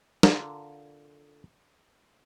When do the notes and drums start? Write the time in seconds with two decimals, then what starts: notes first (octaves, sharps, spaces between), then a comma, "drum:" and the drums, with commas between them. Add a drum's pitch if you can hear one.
0.23 D3 F4 A#4, drum: snare